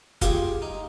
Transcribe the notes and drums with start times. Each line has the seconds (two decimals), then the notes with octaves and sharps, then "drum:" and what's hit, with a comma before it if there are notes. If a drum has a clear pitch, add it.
0.21 F4 G4 G#4 G5, drum: kick, hi-hat
0.62 D#4